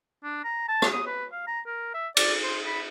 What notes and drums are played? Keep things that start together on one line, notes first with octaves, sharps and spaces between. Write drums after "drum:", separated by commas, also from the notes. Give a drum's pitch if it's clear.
D4
A#5
A5
drum: rim click
D#6
B4
F5
A#5
A#4
E5
D5, drum: cymbal
C5
B5